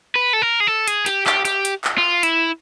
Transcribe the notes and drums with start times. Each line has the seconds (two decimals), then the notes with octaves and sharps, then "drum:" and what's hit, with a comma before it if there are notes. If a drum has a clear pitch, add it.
0.16 B4
0.33 A4
0.42 A#4
0.60 G#4
0.67 A4
0.88 G#4, drum: hi-hat
1.06 G4, drum: hi-hat
1.26 G4, drum: clap
1.45 G4, drum: hi-hat
1.65 drum: hi-hat
1.84 drum: clap
1.98 F4
2.23 E4, drum: hi-hat